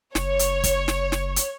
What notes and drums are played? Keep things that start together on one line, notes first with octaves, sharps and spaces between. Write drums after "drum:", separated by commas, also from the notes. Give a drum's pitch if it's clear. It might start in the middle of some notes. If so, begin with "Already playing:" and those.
F#1 C#5, drum: snare
drum: hi-hat
drum: kick, hi-hat
drum: snare
drum: snare
drum: hi-hat